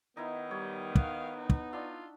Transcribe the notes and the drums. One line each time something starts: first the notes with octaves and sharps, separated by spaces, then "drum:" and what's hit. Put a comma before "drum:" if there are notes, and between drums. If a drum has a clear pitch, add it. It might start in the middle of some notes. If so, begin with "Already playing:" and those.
D#3 B3 D#4 E4
G3 C#5
F5 F#5, drum: kick
D#4
drum: kick
D4 F4 E6